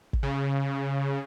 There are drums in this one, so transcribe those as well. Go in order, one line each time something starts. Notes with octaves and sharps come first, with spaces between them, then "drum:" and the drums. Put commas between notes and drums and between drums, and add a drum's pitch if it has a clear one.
drum: kick
C#3